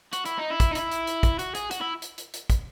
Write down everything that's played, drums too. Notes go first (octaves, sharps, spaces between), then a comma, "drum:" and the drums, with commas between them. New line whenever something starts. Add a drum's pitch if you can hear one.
F#4, drum: hi-hat
E4, drum: hi-hat
D#4
E4
drum: kick, hi-hat
D#4
E4, drum: hi-hat
drum: hi-hat
drum: hi-hat
drum: kick, hi-hat
F#4, drum: hi-hat
G#4, drum: hi-hat
F#4, drum: hi-hat
E4
drum: hi-hat
drum: hi-hat
drum: hi-hat
drum: kick, hi-hat